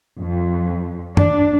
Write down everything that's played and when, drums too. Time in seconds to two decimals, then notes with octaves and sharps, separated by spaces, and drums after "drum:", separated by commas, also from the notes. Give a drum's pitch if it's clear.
0.19 F2
1.17 D4, drum: tom F#2